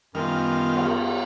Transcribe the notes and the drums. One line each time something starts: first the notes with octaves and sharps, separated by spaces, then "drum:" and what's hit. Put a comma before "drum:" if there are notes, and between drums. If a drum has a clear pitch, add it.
F#2 D#3 G3 B3 F4 F6
drum: cymbal